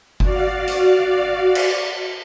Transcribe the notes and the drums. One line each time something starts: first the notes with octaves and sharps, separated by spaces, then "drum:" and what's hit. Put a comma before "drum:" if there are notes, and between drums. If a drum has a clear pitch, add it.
F#4 D5 F5, drum: kick F#1
drum: hi-hat
drum: cymbal